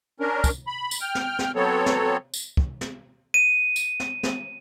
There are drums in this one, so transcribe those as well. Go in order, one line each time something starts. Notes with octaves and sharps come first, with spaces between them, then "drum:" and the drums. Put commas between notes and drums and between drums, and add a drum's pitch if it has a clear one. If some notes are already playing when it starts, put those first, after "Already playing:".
C#4 D4 A#4
drum: kick, tambourine
B5
drum: tambourine
G5 F6
drum: snare
drum: snare
F#3 B3 C4 A4 C#5
drum: snare
drum: tambourine
drum: kick
drum: snare
D#7
drum: tambourine
drum: snare
drum: snare